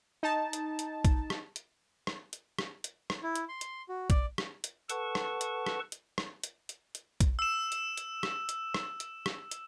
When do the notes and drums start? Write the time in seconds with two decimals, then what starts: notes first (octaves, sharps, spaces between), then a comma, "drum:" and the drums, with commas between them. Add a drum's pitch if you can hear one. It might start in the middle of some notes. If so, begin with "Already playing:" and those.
0.23 D#4 A5
0.53 drum: hi-hat
0.79 drum: hi-hat
1.05 drum: kick, hi-hat
1.30 drum: rim click
1.56 drum: hi-hat
2.07 drum: rim click
2.33 drum: hi-hat
2.59 drum: rim click
2.84 drum: hi-hat
3.10 drum: rim click
3.23 E4
3.36 drum: hi-hat
3.49 C6
3.61 drum: hi-hat
3.89 F#4
4.10 D5, drum: kick, hi-hat
4.38 drum: rim click
4.64 drum: hi-hat
4.90 A4 B4 F#5 A5 C#6, drum: hi-hat
5.15 drum: rim click
5.41 drum: hi-hat
5.66 drum: rim click
5.92 drum: hi-hat
6.18 drum: rim click
6.43 drum: hi-hat
6.69 drum: hi-hat
6.95 drum: hi-hat
7.20 drum: kick, hi-hat
7.39 E6 E7
7.72 drum: hi-hat
7.97 drum: hi-hat
8.23 drum: rim click
8.49 drum: hi-hat
8.74 drum: rim click
9.00 drum: hi-hat
9.26 drum: rim click
9.51 drum: hi-hat